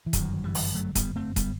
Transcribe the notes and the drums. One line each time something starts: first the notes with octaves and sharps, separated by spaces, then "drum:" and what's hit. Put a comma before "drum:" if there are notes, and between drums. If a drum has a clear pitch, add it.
E3
G1 F#2 D#3 F#3, drum: kick D#1, hi-hat
E3 G3
drum: open hi-hat
F#3 A3
G3 B3, drum: kick D#1, hi-hat
A3 C4
G3 B3, drum: kick D#1, hi-hat